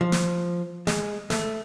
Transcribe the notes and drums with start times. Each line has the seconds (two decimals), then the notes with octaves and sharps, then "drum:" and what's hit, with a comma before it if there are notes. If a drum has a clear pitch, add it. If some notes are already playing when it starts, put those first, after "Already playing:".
0.01 F3
0.12 drum: snare
0.87 G#3, drum: snare
1.30 A3, drum: snare